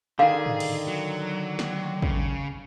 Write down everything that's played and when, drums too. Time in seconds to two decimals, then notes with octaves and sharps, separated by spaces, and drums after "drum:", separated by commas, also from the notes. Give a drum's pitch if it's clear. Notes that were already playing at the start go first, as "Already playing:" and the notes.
0.19 D3 D#3 G#4 F5
0.46 drum: tom G#2
0.60 drum: cymbal
0.87 F#3
1.59 drum: snare
2.02 C#3, drum: kick